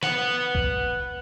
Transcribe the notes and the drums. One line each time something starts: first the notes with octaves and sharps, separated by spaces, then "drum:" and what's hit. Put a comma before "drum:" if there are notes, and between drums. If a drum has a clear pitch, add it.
B4 F#5, drum: snare
drum: kick